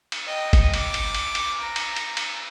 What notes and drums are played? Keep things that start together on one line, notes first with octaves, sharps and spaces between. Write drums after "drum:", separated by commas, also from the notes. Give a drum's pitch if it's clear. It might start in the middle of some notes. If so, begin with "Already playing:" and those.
drum: cymbal
D#5 G5
drum: kick G1, cymbal
D6, drum: cymbal
drum: cymbal
drum: cymbal
drum: cymbal
A#5
drum: cymbal
drum: cymbal
drum: cymbal